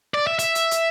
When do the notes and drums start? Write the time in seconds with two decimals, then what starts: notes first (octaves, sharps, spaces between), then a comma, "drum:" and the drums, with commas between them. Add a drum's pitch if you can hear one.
0.14 D5
0.27 E5
0.39 E5, drum: hi-hat
0.55 drum: hi-hat
0.71 drum: hi-hat